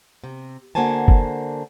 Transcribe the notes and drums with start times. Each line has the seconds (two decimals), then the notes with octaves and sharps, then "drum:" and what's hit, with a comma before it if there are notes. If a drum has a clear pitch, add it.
0.24 C3
0.75 D3 A#3 F#4 C5 G#5 A5
1.08 drum: kick F#1